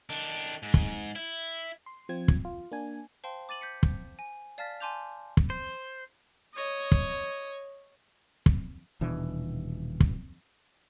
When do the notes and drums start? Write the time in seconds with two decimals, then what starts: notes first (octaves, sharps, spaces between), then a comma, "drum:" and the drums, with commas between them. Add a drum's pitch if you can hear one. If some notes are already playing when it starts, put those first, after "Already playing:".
0.10 D#3 D4
0.63 G#2
0.74 drum: kick
1.16 E4
1.86 C6
2.09 F3 C4 G#6
2.28 drum: kick
2.45 F4
2.72 A#3 D4 G#5
3.24 C5 F5 G5 A5 C6
3.49 D6 A6 D#7 F#7
3.61 G6 B6 C#7
3.83 drum: kick
4.19 G#5
4.58 D5 F5 A5 F6 A6 B6
4.80 G#5 A5 C6 D6 G6 F7
5.37 drum: kick
5.50 C5
6.54 C#5 D#5
6.92 drum: kick
8.46 drum: kick
9.01 D#1 B2 E3 D4
10.00 drum: kick